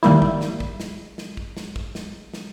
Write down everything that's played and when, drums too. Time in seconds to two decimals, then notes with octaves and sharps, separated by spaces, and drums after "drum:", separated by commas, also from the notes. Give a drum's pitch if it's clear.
0.03 D#3 G3 A#3 E4, drum: snare
0.22 drum: kick
0.41 drum: snare
0.60 drum: kick
0.80 drum: snare
1.18 drum: snare
1.37 drum: kick
1.57 drum: snare
1.76 drum: kick
1.95 drum: snare
2.34 drum: snare